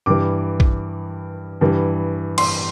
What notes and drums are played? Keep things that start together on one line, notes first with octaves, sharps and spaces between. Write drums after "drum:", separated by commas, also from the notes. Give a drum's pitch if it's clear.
G2 E3 D6
drum: kick A#1
G2 E3
C6, drum: cymbal